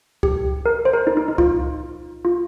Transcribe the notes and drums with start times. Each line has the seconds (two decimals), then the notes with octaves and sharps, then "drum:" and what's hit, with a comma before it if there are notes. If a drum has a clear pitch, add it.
0.23 G4, drum: kick C#2
0.66 A#4
0.85 C5
0.93 A#4
1.07 D#4
1.17 D#4
1.28 D#4
1.38 F4, drum: kick C#2
2.25 F4